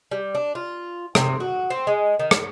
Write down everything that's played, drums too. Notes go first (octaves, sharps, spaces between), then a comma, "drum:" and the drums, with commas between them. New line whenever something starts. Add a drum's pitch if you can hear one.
G3
D4
F4
C3, drum: rim click
F#4
C4
G#3
D#3
drum: rim click